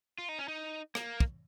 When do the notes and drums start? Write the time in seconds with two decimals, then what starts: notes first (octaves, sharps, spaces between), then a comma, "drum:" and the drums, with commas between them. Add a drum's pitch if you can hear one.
0.18 F4
0.29 D#4
0.39 C#4
0.48 D#4
0.95 A#3, drum: rim click
1.20 drum: kick